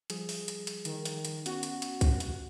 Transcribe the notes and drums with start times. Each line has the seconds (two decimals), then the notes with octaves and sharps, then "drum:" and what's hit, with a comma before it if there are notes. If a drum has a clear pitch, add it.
0.10 F3 G3 G#4, drum: hi-hat
0.29 drum: open hi-hat
0.48 drum: hi-hat
0.67 drum: hi-hat
0.85 D#3, drum: hi-hat
1.05 drum: hi-hat
1.25 drum: hi-hat
1.46 B3 C#4 F#4, drum: hi-hat
1.63 drum: hi-hat
1.82 drum: hi-hat
2.01 drum: kick, hi-hat
2.20 drum: hi-hat